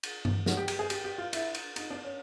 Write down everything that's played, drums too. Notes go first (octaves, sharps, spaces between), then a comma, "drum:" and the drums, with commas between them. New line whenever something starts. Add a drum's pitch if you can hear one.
drum: cymbal
drum: tom G2
F#4, drum: snare
G4
G4, drum: cymbal
G#4
G4, drum: cymbal
G4
F4
E4, drum: cymbal
drum: cymbal
D#4, drum: cymbal
D4
C#4